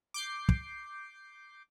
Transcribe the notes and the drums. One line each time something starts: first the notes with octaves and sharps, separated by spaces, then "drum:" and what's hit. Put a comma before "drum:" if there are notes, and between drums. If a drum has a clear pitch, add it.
D6 G6 C7
drum: kick